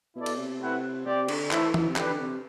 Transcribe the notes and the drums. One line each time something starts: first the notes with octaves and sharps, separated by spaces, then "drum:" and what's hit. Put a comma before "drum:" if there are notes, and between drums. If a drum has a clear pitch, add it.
B2 E4 A4 D5
drum: cymbal
C3
A3 C4 E4 B4 F#5
C3 C4 G4 D5
D3, drum: cymbal
E3 A3 E4 A4 C5 E5, drum: clap
E3, drum: tom
C3
D3 D4 G4 B4, drum: clap
D3
C3